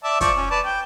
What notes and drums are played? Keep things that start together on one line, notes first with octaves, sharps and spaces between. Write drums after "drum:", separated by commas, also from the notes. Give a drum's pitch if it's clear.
D5 E5 A5
F3 D5 C#6, drum: kick, hi-hat
C#4
B4 D5 A5
G5